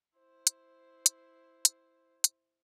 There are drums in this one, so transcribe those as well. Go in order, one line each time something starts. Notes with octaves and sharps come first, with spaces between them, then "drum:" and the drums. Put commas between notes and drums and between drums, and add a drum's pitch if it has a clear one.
E4 C5
drum: hi-hat
drum: hi-hat
drum: hi-hat
drum: hi-hat